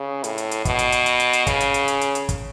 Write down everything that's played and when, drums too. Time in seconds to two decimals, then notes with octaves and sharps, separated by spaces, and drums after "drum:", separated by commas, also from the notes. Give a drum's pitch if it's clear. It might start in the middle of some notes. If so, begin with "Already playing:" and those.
Already playing: C#3
0.24 A2, drum: hi-hat
0.38 drum: hi-hat
0.51 drum: hi-hat
0.65 B2, drum: kick, hi-hat
0.79 drum: hi-hat
0.92 drum: hi-hat
1.06 drum: hi-hat
1.20 drum: hi-hat
1.33 drum: hi-hat
1.47 C#3, drum: kick, hi-hat
1.60 drum: hi-hat
1.74 drum: hi-hat
1.88 drum: hi-hat
2.01 drum: hi-hat
2.15 drum: hi-hat
2.29 drum: kick, hi-hat